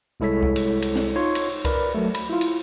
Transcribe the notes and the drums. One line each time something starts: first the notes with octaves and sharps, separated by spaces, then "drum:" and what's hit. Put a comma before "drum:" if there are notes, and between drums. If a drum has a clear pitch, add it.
C2 G#3 E4 A4 C#5 B6
drum: kick C2
drum: cymbal
drum: cymbal
drum: snare
D#4 F4 C#5 C6
drum: cymbal
A#4 B4 D5 B5, drum: kick C2, cymbal
F#3 A3
B5, drum: cymbal
E4 F4
drum: cymbal